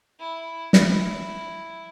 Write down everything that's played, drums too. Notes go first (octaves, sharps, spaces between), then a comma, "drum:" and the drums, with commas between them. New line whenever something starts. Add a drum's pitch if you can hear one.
E4
E4, drum: snare